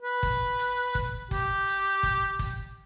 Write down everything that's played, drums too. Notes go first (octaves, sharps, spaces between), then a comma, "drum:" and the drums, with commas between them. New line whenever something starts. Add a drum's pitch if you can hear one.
B4
drum: kick, hi-hat
drum: hi-hat
drum: kick, hi-hat
G4, drum: kick, hi-hat
drum: hi-hat
drum: kick, hi-hat
drum: kick, hi-hat